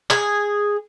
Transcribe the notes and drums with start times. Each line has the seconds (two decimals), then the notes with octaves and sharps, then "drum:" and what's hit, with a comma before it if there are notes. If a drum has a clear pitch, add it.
0.11 G#4, drum: clap